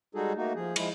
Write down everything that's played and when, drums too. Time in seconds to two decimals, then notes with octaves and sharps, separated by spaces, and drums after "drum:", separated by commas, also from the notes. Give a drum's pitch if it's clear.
0.15 G3 G#3 D#4 F#4 G#4 A4
0.37 A3 A#3 D#4 F#4
0.55 F3 G#4
0.76 F3 G#3 E4, drum: cymbal